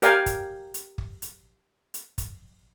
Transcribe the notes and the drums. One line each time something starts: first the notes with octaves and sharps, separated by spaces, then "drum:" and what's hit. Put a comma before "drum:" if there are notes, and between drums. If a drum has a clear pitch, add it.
G4 A#4 D5 F5 G5 G#5, drum: hi-hat
drum: kick, hi-hat
drum: hi-hat
drum: kick
drum: hi-hat
drum: hi-hat
drum: kick, hi-hat